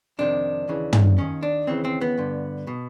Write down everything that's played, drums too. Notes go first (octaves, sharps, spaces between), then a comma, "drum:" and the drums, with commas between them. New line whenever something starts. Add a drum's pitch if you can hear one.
F2 C3 D#3 D4
D#2 C#3 E3
drum: tom
D#2 D#3 C#4
D4
D#2 C#3 E3 C4
C4
B3
G2 D3
B2